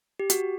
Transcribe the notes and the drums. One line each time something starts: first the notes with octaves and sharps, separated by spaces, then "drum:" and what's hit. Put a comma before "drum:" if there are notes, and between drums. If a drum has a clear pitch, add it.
G4
F#4, drum: hi-hat